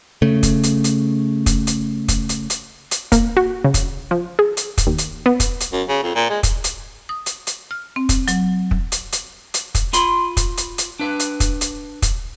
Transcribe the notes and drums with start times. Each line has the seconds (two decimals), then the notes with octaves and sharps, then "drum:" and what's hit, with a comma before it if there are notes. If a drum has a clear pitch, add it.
0.22 C#3 A3
0.43 drum: kick, hi-hat
0.63 drum: hi-hat
0.84 drum: hi-hat
1.46 drum: kick, hi-hat
1.67 drum: hi-hat
2.08 drum: kick, hi-hat
2.29 drum: hi-hat
2.50 drum: hi-hat
2.91 drum: hi-hat
3.12 A#3, drum: kick, hi-hat
3.37 F#4
3.64 C#3
3.74 drum: kick, hi-hat
4.11 F3
4.39 G#4
4.57 drum: hi-hat
4.78 drum: kick, hi-hat
4.87 D#2
4.98 drum: hi-hat
5.26 B3
5.40 drum: kick, hi-hat
5.60 drum: hi-hat
5.73 F#2
5.89 C#3
6.04 F2
6.16 A#2
6.30 G#3
6.43 drum: kick, hi-hat
6.64 drum: hi-hat
7.09 D#6
7.26 drum: hi-hat
7.47 drum: hi-hat
7.71 F6
7.96 C4
8.09 drum: kick, hi-hat
8.28 F#3, drum: hi-hat
8.71 drum: kick
8.92 drum: hi-hat
9.12 drum: hi-hat
9.54 drum: hi-hat
9.75 drum: kick, hi-hat
9.93 F4 B5 C6, drum: hi-hat
10.37 drum: kick, hi-hat
10.57 drum: hi-hat
10.78 drum: hi-hat
10.99 D4 B4
11.20 drum: hi-hat
11.40 drum: kick, hi-hat
11.61 drum: hi-hat
12.02 drum: kick, hi-hat